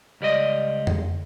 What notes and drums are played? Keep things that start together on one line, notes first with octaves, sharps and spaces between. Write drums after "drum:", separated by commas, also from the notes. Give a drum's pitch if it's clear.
C#2 G3 D5 D#5
drum: tom F2